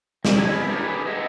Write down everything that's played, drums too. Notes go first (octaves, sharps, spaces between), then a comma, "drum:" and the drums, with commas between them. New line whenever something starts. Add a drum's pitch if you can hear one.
C3, drum: snare
D4 E4 G4 C5 C#5 D#5
B3 C#4 E4
A#2 C#4 D4 G4 A4 A#4
G4 G#4 B4
G#4 D#5 E5 F#5